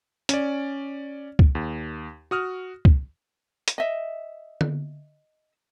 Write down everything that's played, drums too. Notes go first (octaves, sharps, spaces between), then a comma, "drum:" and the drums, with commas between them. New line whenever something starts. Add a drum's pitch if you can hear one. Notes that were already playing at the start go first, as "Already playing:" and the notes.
C#4 D5, drum: hi-hat
drum: kick C#2
D#2
F#4 D#6 F6
drum: kick C#2
drum: hi-hat
D#5 E5
drum: tom D3